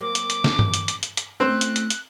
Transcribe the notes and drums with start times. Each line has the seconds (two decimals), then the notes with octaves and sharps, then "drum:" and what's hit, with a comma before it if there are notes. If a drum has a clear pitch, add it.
0.01 F#3 A#3 C4 D6
0.15 drum: hi-hat
0.30 drum: hi-hat
0.44 drum: snare
0.59 drum: tom G2
0.74 drum: hi-hat
0.88 drum: hi-hat
1.03 drum: hi-hat
1.17 drum: hi-hat
1.40 A3 C4 C#4 E4 C5 F#6
1.61 drum: hi-hat
1.76 drum: hi-hat
1.90 drum: hi-hat